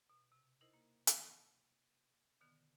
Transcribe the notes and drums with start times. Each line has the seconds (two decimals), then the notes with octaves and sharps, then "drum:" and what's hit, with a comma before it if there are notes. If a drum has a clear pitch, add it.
0.10 B2
0.32 C3
0.61 D#4 E4 A#4 C5 D#5
0.74 A#3
1.07 drum: hi-hat
2.41 B2 D3 D#3 B3